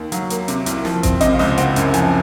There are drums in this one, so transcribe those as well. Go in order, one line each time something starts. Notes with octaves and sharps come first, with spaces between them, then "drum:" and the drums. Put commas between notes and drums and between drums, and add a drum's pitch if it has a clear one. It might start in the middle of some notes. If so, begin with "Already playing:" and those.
Already playing: D#2
F#3 F5, drum: hi-hat
A#3, drum: hi-hat
C3, drum: hi-hat
C2, drum: hi-hat
F3, drum: snare
C4, drum: kick A1, hi-hat
C3 D#5, drum: hi-hat
F5
C#2 D#5, drum: snare
C4 F#5, drum: hi-hat
F#2, drum: hi-hat
F3 G#5, drum: hi-hat